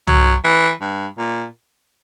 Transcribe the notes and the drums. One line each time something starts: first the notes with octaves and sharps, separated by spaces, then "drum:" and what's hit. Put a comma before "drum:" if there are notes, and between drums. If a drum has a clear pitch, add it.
F#3, drum: tom
E3
G2
A#2